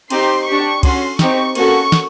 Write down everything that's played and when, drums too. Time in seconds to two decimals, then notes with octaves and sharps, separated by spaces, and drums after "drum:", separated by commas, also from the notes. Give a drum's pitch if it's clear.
0.10 C4 D#4 G4 C6, drum: cymbal
0.47 D4 G4 C#6
0.83 C#4 F#4 A4 C6, drum: kick, cymbal
1.19 C4 D#4 G4 C#6, drum: snare
1.55 A#3 C#4 F#4 A4 C#6, drum: cymbal
1.92 drum: snare